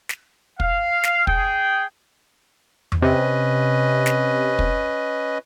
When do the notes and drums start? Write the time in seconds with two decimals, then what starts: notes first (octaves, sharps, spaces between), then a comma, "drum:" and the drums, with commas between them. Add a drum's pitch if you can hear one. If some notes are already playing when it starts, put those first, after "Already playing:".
0.09 drum: snare
0.60 F5, drum: kick
1.03 drum: snare
1.27 G#4 G5, drum: kick
2.92 drum: tom E2
3.02 C3 C#4 B4 D#5
4.06 drum: snare
4.59 drum: kick